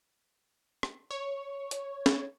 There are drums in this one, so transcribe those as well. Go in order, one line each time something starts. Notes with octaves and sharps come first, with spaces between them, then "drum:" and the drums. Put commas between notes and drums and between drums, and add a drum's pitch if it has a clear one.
drum: rim click
C#5
drum: hi-hat
drum: snare C#4